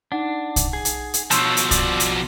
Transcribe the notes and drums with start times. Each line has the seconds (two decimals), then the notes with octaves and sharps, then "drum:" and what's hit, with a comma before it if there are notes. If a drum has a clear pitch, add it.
0.12 D4 D#4 F#5
0.56 drum: kick, hi-hat
0.73 G#4
0.85 drum: hi-hat
1.14 drum: hi-hat
1.31 B2 F3 F#4 C#5 A5 C6 E6 G6, drum: hi-hat
1.57 drum: hi-hat
1.71 D5, drum: kick, hi-hat
2.00 drum: hi-hat